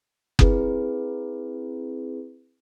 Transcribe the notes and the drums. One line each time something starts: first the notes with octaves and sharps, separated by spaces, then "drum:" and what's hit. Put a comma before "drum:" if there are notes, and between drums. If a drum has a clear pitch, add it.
C4 E4 G#4 B4, drum: kick F#1